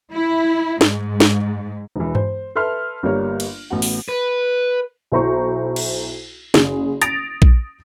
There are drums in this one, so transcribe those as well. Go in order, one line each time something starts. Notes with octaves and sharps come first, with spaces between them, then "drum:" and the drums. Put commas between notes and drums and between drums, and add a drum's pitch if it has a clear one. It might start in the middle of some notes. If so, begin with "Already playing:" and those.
E4
G#2, drum: snare
drum: snare
E1 E3
C5, drum: tom G2
A4 B4 E5 C6 F6
G1 G3 A#3 C#5
drum: cymbal
A1 B3 F#4
drum: open hi-hat
B4
B1 E4 C5 A#5 C#6
drum: cymbal
F#1 G#4, drum: snare
D#6 A6 A#6 D7 F7, drum: hi-hat
drum: kick A#1